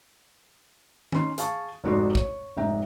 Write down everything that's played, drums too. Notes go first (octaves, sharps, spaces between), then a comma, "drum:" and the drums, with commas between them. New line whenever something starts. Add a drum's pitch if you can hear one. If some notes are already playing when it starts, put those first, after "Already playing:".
C#4 D#4 C6, drum: tom D#3
G#4 F5 A5 C#6, drum: hi-hat
F1 G#2 F#4 A4 D5 C6
C#5, drum: kick
F1 G#2 E5 G5 A#5